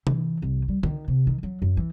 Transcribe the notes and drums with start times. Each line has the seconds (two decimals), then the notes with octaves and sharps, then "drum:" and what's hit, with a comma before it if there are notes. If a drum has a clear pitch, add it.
0.07 E3, drum: tom C3
0.42 C2
0.68 G3
0.83 D#3, drum: tom D3
1.08 C3
1.27 D#3
1.43 F#3
1.62 F#2
1.77 E3